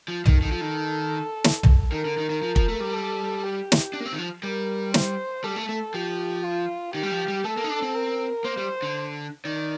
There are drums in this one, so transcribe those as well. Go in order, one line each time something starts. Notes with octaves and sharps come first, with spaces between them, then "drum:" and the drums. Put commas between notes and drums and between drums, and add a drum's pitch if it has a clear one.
F3
D#3, drum: tom
D#3 A4
F3
D#3
drum: snare
drum: tom
D#3 A#4
D3
D#3
D#3
F3
F3, drum: kick
A3
G3
A4
G4
drum: snare
D4
A#3
C4
D#3
F3
G3 A#4
C5, drum: snare
G3 A4
A3
A3
F3 G4
F4
D#3 G4
G3
F3
G3
A3 A4
A#3
D#4
D4
C4
A#4
A#3 C5
G3
D3
D#3 D5